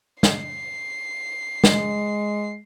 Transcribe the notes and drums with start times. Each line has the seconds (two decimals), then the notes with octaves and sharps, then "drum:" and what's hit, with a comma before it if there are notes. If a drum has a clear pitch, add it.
0.23 C7, drum: snare
1.64 G#3, drum: snare